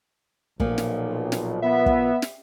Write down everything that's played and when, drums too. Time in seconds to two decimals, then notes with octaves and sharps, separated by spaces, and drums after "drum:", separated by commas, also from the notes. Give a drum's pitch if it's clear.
0.60 B1 A#2 F3, drum: kick
0.78 drum: snare
1.32 drum: snare
1.62 B3 E5
1.86 drum: kick
2.22 drum: snare